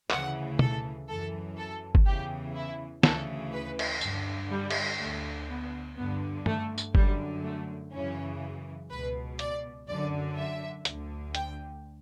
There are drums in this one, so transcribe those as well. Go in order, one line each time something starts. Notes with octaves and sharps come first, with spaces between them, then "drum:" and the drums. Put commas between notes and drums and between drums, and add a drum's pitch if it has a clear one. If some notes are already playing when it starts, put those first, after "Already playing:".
D2 C#3 E3 F#5, drum: clap
A4, drum: tom
F#2 E3 A4
A4
drum: kick G1
E2 C#3 E3 G4
E4
D2 C#3 E3 A4, drum: snare
B4
drum: cymbal
G2 D3, drum: tambourine
G3
drum: cymbal
D2 D3 A3
B3
G2 D3 B3
A3, drum: tom G2
drum: tambourine
F#2 D3 G3, drum: kick G1
A3
F#2 C#3 E3 C#4
C#2 B2 B4
D5, drum: hi-hat
F#2 D3 D5
E5
D2 D3, drum: hi-hat
G5, drum: hi-hat